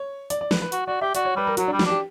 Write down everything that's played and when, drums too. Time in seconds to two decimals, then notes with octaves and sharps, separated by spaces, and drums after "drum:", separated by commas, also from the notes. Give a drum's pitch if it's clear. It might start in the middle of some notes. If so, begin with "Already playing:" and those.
Already playing: C#5
0.30 D5, drum: hi-hat
0.41 D5
0.51 B4, drum: snare
0.62 B4
0.72 F#4, drum: hi-hat
0.86 F#4 D5
1.01 G4 E5
1.15 F#4 D5, drum: hi-hat
1.25 C#5
1.36 G3 B4
1.47 A#4
1.57 F#3 F#4, drum: hi-hat
1.68 D4
1.72 G3
1.79 F#4, drum: snare
1.86 D4 G4